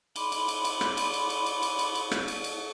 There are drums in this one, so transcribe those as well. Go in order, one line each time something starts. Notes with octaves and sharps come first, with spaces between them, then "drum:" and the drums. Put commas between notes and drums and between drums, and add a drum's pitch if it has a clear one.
B5 C6 D6, drum: cymbal
drum: cymbal
drum: cymbal
drum: cymbal
drum: rim click
drum: cymbal
drum: cymbal
drum: cymbal
drum: cymbal
drum: cymbal
drum: cymbal
drum: cymbal
drum: rim click
drum: cymbal
drum: cymbal